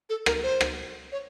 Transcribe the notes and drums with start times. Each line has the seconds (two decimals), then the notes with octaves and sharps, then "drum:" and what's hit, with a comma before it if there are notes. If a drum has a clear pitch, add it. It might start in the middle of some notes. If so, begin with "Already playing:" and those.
0.10 A4
0.26 A#4, drum: rim click
0.43 C5
0.61 drum: rim click
1.12 C#5